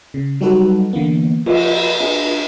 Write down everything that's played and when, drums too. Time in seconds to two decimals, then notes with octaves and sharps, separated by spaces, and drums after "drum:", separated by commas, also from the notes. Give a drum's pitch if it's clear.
0.14 C#3
0.41 F#3 G3 D#4 F#4 A4 B4
0.93 D3 E3 A#3 B3
1.46 F3, drum: cymbal
2.00 D4 G#4